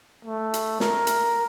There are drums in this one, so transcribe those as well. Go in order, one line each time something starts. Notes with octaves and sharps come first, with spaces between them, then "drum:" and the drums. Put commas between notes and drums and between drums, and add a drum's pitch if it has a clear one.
A3
drum: hi-hat
A#4, drum: snare
drum: hi-hat